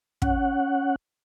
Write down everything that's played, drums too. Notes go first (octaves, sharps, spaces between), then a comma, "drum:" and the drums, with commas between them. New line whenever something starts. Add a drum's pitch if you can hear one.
C#4 F#5, drum: kick